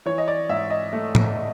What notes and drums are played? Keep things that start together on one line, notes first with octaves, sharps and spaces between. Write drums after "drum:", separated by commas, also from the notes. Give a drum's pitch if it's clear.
E3 C#5
D#5
D5
G#2 E5
D#5
A3
drum: tom A2